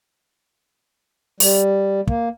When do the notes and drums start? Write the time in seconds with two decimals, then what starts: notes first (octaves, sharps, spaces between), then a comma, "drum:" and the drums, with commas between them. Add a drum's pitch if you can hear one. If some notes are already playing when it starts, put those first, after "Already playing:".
1.40 G3, drum: open hi-hat
2.07 A#3, drum: kick